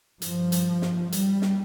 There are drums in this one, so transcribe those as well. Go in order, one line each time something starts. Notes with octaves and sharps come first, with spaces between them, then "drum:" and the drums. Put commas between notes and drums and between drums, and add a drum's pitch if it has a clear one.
G2 F3, drum: hi-hat
drum: hi-hat
drum: snare
G3, drum: hi-hat
drum: snare